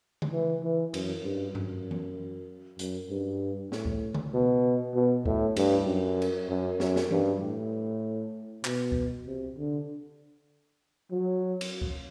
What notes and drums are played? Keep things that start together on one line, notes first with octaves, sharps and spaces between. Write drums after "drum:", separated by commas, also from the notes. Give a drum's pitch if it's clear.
drum: tom C#3
E3
E3
F#2, drum: cymbal
G2
F#2, drum: tom G2
drum: tom E3
F#2, drum: hi-hat
G2
A2, drum: snare
drum: kick C#2
drum: tom C#3
B2
B2
A2, drum: kick C#2
G2, drum: cymbal
F#2
drum: cymbal
F#2
F#2, drum: snare
drum: snare
G2, drum: tom E3
A2
B2, drum: clap
drum: kick C#2
C3
D3
F#3
drum: cymbal
drum: kick C#2